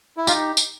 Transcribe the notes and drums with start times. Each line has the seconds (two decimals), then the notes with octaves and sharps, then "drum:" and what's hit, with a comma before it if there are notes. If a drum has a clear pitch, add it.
0.17 E4
0.27 D#4 F4 G4, drum: tambourine
0.57 drum: tambourine